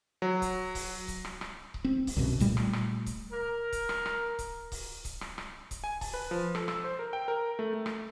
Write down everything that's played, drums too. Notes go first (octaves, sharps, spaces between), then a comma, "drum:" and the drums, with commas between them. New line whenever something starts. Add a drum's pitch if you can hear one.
F#3
drum: kick C#1, hi-hat
drum: kick C#1, open hi-hat
drum: kick C#1, hi-hat
drum: rim click
drum: rim click
drum: kick C#1
C4
drum: kick C#1, open hi-hat
C2 F#2 B2
A#2 G3 A3, drum: kick C#1, hi-hat
drum: rim click
drum: rim click
drum: kick C#1, hi-hat
A#4
drum: kick C#1, hi-hat
drum: rim click
drum: rim click
drum: kick C#1, hi-hat
drum: kick C#1, open hi-hat
drum: kick C#1, hi-hat
drum: rim click
drum: rim click
drum: kick C#1, hi-hat
G#5
A5, drum: kick C#1, open hi-hat
B4
F3
A4, drum: rim click
E6, drum: rim click
C5
A#4
G5
A#4
A3
A3
drum: rim click